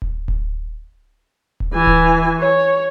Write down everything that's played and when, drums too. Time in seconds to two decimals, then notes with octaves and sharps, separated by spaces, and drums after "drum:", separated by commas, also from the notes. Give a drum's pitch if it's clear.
0.02 drum: kick D1
0.28 drum: kick D1
1.60 drum: kick D1
1.74 E3 G#5
1.87 drum: kick D1
2.40 C#5